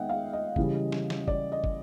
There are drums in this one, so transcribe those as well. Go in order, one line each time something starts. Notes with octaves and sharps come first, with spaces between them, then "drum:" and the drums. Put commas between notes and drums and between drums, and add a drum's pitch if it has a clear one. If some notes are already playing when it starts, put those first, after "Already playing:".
Already playing: D#3 G#3 B3 D#5 E5 F#5 G5
F5
D#5
C#3 E3 G3, drum: kick
drum: snare
drum: snare
D5, drum: kick
D#5
drum: kick